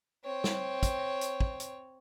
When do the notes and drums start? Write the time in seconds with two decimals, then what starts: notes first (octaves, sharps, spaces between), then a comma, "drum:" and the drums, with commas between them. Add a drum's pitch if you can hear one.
0.25 C4 C#5
0.44 drum: snare
0.83 drum: kick, hi-hat
1.21 drum: hi-hat
1.40 drum: kick
1.60 drum: hi-hat